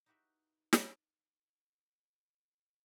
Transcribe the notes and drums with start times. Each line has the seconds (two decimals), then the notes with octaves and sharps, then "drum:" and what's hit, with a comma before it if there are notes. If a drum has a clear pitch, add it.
0.06 D#4 E4 F#4 G4 B4 E5
0.73 drum: snare